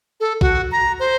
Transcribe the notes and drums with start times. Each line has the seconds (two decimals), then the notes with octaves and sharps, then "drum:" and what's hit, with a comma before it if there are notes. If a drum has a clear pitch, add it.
0.20 A4
0.41 F#4, drum: kick A#1
0.71 A#5
0.99 C5